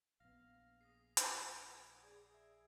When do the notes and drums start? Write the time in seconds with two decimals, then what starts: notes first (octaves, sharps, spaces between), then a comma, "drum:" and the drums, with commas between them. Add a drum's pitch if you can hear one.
0.20 A#1 B3 F5 A#6
0.81 G#4 D#6 A#6 C7
1.17 drum: hi-hat
1.47 B4 F#5 G#5 G#6 D7
2.03 G#4 D5 G#6
2.34 E5